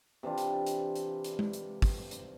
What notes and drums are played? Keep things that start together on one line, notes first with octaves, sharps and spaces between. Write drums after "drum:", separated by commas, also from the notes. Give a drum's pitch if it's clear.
C3 E3 D4 F4
drum: hi-hat
drum: hi-hat
drum: hi-hat
drum: hi-hat
drum: tom G#3
drum: hi-hat
drum: kick, open hi-hat
drum: hi-hat